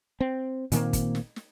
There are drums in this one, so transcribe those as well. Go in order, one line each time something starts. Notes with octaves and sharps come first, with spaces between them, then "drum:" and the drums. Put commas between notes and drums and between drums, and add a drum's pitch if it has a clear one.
C4
A#2 D#3 A#3 C4, drum: hi-hat
drum: kick, hi-hat
drum: snare
drum: snare